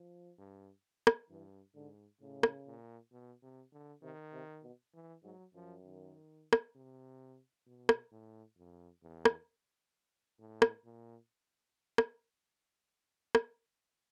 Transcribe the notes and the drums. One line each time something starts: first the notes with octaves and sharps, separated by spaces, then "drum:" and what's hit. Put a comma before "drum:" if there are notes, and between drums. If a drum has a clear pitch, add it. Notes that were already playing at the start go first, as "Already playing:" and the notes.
Already playing: F3
G2
drum: rim click
G2 E3
G#2 D3
A2 C#3
drum: rim click
A#2
B2
C3
D3
C3 D#3
C3
B2
E3
G#2 F#3
F#2 F3
D#3
drum: rim click
C3
B2
drum: rim click
A2
F2
E2
drum: rim click
A2
drum: rim click
A#2
drum: rim click
drum: rim click